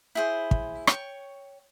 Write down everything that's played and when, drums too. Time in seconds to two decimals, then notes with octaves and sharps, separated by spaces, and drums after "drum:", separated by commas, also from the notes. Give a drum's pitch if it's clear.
0.15 E4 G#4 C5
0.51 drum: kick
0.87 C#5 G5 C#6, drum: rim click